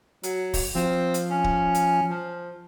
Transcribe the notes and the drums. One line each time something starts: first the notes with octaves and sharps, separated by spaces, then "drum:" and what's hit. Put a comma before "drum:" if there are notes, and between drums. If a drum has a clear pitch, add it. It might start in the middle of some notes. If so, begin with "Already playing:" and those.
F#3, drum: hi-hat
drum: kick D1, open hi-hat
F3 C4
drum: hi-hat
C#4
drum: kick D1
drum: hi-hat
F3